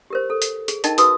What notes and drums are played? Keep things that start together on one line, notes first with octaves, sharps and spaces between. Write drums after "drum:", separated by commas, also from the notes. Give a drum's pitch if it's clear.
G4 A#4 C5
A4
drum: hi-hat
G#4, drum: hi-hat
D#4 A#4 D#5 G5 A5, drum: hi-hat
F#4 B4 D#6 E6, drum: hi-hat